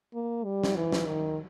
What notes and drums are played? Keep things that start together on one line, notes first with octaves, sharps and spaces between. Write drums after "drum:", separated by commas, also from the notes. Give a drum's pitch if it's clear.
A#3
G3
drum: snare
E3
drum: snare
D#3